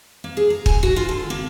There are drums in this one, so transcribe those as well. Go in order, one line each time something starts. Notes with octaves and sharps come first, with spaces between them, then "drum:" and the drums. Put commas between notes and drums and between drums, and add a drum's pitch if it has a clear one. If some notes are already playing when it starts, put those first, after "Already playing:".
A#3
G#4
A#5
G#5, drum: kick
F#4
F4
D3
A#3